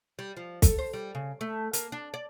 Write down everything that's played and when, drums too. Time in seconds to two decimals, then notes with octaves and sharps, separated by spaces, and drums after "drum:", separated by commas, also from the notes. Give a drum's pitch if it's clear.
0.19 G3
0.37 F3
0.62 A4, drum: kick, hi-hat
0.78 C5
0.93 G3
1.15 C#3
1.41 A3
1.73 A#3, drum: hi-hat
1.92 D4
2.14 D5